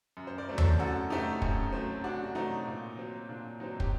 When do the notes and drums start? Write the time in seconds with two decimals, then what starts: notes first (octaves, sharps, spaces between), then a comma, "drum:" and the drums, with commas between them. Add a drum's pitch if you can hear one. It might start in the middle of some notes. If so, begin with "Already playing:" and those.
0.17 F#2
0.27 C5
0.38 A#4 D5
0.49 F#3 A3 C4
0.58 A4 C5, drum: tom E2
0.79 F#2 F#4 A4
1.10 F#3 A3 C4 D#4 G4
1.42 F#2, drum: kick
1.73 F#3 A3 C4
2.04 F#2 D4 F#4
2.24 F#4
2.35 F#3 A3 C4 D#4
2.67 A#2
2.97 F#3 C4
3.29 A#2 D4
3.60 F#3 C4 D#4
3.80 G4, drum: kick